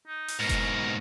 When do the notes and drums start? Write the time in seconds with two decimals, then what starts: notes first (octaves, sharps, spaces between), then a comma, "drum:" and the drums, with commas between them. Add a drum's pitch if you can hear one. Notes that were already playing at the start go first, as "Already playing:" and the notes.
0.07 D#4
0.28 drum: open hi-hat
0.39 G#2 B2 A#4
0.49 drum: kick F1, hi-hat